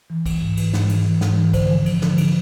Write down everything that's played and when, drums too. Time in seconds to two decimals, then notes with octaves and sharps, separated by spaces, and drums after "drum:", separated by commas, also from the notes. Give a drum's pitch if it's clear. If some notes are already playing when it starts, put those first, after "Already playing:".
0.10 E3
0.26 E3, drum: kick, cymbal
0.41 G#2
0.57 E3, drum: cymbal
0.74 G#2, drum: snare
0.89 E3, drum: cymbal
1.06 E3
1.21 G#2, drum: snare
1.38 E3
1.53 D3 C5, drum: kick, cymbal
1.70 F3
1.86 F3, drum: cymbal
2.02 D3, drum: snare
2.18 drum: cymbal